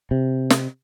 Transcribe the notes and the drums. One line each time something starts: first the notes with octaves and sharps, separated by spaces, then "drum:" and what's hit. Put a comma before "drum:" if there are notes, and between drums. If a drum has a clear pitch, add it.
C3
drum: snare